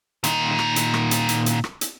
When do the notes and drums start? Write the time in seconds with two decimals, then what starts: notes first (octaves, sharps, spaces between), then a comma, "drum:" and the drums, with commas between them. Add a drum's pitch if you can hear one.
0.24 A#2 D#3, drum: hi-hat
0.59 drum: rim click
0.76 drum: hi-hat
0.94 drum: rim click
1.11 drum: hi-hat
1.29 drum: hi-hat
1.46 drum: hi-hat
1.64 drum: rim click
1.81 drum: hi-hat